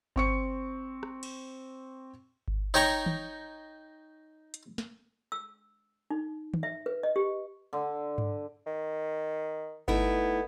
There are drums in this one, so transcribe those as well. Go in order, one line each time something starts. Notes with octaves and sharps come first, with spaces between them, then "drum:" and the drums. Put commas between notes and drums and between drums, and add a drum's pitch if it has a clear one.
C4 C#6 C#7, drum: kick G1
drum: rim click
drum: cymbal
drum: kick G1
D#4 C#5 G5 A#5 C#6
drum: tom
drum: hi-hat
drum: snare
E6
D#4
drum: tom
E5
B4
D#5
G4
D3
drum: tom G2
D#3
A3 B3 D#4 E4, drum: kick G1